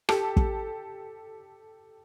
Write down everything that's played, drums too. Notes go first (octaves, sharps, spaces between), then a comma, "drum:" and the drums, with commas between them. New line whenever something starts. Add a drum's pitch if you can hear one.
G4 A4, drum: rim click
drum: kick